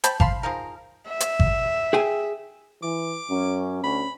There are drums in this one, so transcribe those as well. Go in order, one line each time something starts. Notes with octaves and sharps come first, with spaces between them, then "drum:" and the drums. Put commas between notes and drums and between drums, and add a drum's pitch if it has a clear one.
C5 G5 A5 B5, drum: hi-hat
F5 A5 B5 C6, drum: kick G#1
F3 G#3 D#4 A#4
E5
drum: hi-hat
drum: kick G#1
G#4 G5 G#5
E3 D6
F#2 C#4
D2 B5